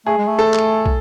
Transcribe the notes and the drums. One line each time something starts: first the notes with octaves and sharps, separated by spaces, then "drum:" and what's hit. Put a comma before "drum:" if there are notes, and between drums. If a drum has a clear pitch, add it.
A3 G#4
G#3
A3
A4
drum: clap
drum: kick